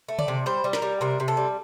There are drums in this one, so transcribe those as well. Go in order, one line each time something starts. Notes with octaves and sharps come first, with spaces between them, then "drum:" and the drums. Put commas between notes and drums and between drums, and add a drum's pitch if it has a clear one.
A3
D5, drum: tom C#3
C3
G3 C5
G3
A#4, drum: snare
G3
C3 A#4
C3
A4
G3